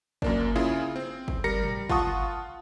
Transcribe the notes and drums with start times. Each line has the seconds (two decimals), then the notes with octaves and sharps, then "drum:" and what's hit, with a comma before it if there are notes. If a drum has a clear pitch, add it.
0.22 F#2 A#3 D4, drum: kick
0.56 C#3 E4 F4 G#4
0.96 C4
1.28 drum: kick
1.44 G3 A#4 A#5 A#6 C#7
1.63 drum: tom
1.89 F4 F#5 A5 C#6 D#6, drum: kick